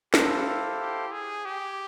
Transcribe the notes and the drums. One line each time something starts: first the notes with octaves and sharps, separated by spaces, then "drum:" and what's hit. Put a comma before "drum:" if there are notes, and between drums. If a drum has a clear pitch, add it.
E4 G4 A4 C5 F5, drum: snare
G4
G4
G#4
G4